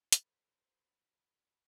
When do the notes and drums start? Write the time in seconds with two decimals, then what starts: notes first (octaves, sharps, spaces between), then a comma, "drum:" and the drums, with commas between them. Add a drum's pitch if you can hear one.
0.12 D3 F#3 B4 C5 B5, drum: hi-hat